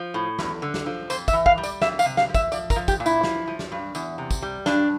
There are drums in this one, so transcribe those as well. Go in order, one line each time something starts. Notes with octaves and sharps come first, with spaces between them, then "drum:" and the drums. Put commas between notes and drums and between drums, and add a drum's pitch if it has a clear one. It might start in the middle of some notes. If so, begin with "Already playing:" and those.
Already playing: F3
A2
E2, drum: snare
D3
drum: snare
F3
F2 C5, drum: tambourine
E5, drum: kick, tambourine
E3
F5, drum: kick
G3
D5, drum: tambourine
F2 E5, drum: snare
F5, drum: tambourine
C3
F5, drum: snare
F3
E5, drum: kick, tambourine
F3 D5, drum: tambourine
A#4, drum: kick, tambourine
F3
G4, drum: kick, tambourine
A#2
E4, drum: tambourine
F3, drum: snare
F3
drum: snare
G2
E2, drum: tambourine
C3
drum: kick, tambourine
G3
G2 D4, drum: snare